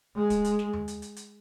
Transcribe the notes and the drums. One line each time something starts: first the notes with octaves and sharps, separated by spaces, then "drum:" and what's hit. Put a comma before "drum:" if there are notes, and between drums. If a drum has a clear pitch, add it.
G#3
drum: kick, hi-hat
drum: hi-hat
drum: snare
drum: tom D#2
drum: hi-hat
drum: hi-hat
drum: hi-hat